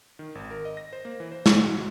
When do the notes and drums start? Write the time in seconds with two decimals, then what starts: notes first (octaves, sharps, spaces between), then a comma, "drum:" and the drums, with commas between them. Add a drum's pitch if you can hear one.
0.19 D#3
0.35 G#1
0.51 A#4
0.65 D#5
0.77 A#6
0.93 C5
1.05 A#3
1.20 E3
1.32 C5
1.46 C#2, drum: snare
1.61 F#4
1.76 C#2